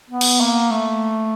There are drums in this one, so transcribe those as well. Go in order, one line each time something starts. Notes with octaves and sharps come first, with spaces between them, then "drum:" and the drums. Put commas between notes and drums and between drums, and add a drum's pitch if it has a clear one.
B3
drum: cymbal
A#3
A3